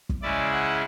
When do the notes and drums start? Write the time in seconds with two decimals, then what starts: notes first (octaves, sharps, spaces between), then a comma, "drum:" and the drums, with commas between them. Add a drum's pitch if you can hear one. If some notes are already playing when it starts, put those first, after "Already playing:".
0.09 drum: kick
0.22 C#3 G#3 C#4 E4 D5
0.51 F#5